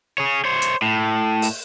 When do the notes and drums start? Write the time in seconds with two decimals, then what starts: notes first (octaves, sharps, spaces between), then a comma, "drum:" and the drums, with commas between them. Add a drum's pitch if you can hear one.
0.18 G#4 C#5
0.45 C5 C#5
0.62 drum: hi-hat
0.82 A2
1.42 drum: open hi-hat